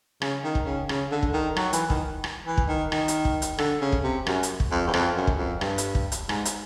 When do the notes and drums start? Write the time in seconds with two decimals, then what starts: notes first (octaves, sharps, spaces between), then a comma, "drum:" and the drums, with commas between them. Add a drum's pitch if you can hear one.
0.22 C#3, drum: rim click
0.44 D#3
0.55 drum: kick
0.66 C#3
0.89 C#3, drum: rim click
1.12 D3
1.23 drum: kick
1.34 D#3
1.56 F#3, drum: rim click
1.73 E3, drum: hi-hat
1.90 D#3, drum: kick
2.24 drum: rim click
2.47 E3
2.57 drum: kick
2.68 D#3
2.92 D#3, drum: rim click
3.08 drum: hi-hat
3.25 drum: kick
3.42 drum: hi-hat
3.58 D3, drum: rim click
3.82 C#3
3.92 drum: kick
4.04 C3
4.27 F#2, drum: rim click
4.43 drum: hi-hat
4.60 drum: kick
4.71 F2
4.87 E2
4.94 F2, drum: rim click
5.16 F#2
5.27 drum: kick
5.38 F2
5.61 G2, drum: rim click
5.78 drum: hi-hat
5.95 drum: kick
6.12 drum: hi-hat
6.29 G#2, drum: rim click
6.45 drum: hi-hat